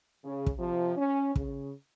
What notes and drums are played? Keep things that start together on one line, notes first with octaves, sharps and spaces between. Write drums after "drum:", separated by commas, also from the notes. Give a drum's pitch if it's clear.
C#3
drum: kick
C3 F3
C#4
C#3, drum: kick